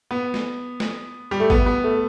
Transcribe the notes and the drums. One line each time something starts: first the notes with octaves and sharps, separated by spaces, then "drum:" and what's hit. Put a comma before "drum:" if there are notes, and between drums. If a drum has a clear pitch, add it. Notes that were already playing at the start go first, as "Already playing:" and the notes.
B3
drum: snare
drum: snare
G3
A3
B3, drum: kick G#1
B3
A3